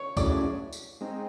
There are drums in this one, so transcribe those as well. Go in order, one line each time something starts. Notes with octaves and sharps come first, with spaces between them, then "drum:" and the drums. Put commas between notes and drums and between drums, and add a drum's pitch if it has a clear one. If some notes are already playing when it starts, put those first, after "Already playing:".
Already playing: C#5
F#3 A3 C#4 E4 G#4 D5, drum: kick, tambourine
drum: tambourine
G#3 C4 D#4